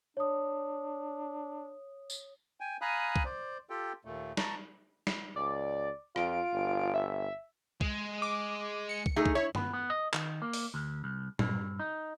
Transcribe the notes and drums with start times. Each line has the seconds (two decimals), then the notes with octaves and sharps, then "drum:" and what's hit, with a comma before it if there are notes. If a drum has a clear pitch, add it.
0.17 D4 C#5 D#6
2.10 drum: tambourine
2.60 G5 G#5
2.81 F5 G#5 A#5 B5 D#6 F#6
3.16 drum: kick
3.25 C5 D5
3.70 F4 G4 A4 G5
4.05 D#2 A#2 A3
4.37 A5 A#5 C#6, drum: snare
5.07 drum: snare
5.36 C#2 D5
6.16 F2 F4 D7, drum: rim click
6.54 G1
6.94 E5
7.81 G#3, drum: kick
8.22 D6
8.89 C#7
9.06 drum: kick
9.16 A3 D#4 G#4
9.26 drum: kick
9.35 E4 C#5
9.55 B3, drum: tom
9.73 B3
9.90 D#5
10.14 D#3, drum: clap
10.42 A#3
10.53 drum: open hi-hat
10.74 D2
11.04 C2
11.39 G2, drum: tom A#2
11.79 D#4